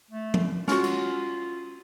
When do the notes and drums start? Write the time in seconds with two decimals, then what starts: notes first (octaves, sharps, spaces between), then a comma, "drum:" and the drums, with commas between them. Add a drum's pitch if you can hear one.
0.11 A3
0.34 drum: tom F3
0.68 C#4 F4 F#4, drum: snare
0.84 drum: cymbal